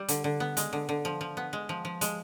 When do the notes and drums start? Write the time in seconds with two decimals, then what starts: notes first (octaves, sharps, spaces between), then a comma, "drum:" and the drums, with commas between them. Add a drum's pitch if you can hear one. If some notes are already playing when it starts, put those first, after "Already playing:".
Already playing: G3
0.08 D3, drum: hi-hat
0.24 D3
0.40 B3
0.57 G#3, drum: hi-hat
0.73 D3
0.89 D3
1.05 F3
1.21 F3
1.37 B3
1.53 G#3
1.69 F3
1.85 F3
2.01 G#3, drum: hi-hat